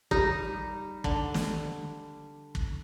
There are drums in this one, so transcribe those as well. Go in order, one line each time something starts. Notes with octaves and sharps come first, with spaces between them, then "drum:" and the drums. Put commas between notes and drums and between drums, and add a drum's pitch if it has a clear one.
G3 D#4, drum: kick
D3, drum: kick
drum: snare
drum: kick